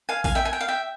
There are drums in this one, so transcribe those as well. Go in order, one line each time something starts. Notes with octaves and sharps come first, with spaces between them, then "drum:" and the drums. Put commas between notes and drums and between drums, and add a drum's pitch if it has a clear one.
F5 G#5
F5 G#5, drum: kick A#1, open hi-hat
E5 G5
G#5
G5
F5
E5 G5